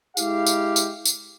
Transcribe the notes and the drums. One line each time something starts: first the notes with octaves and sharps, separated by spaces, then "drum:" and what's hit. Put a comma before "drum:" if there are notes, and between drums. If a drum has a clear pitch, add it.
G#3 E4 G4 F5, drum: tambourine
drum: tambourine
drum: tambourine
drum: tambourine